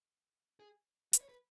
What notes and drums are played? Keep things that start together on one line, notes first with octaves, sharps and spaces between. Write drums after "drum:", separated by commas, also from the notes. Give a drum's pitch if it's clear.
G#4
B4, drum: hi-hat
C#5
B4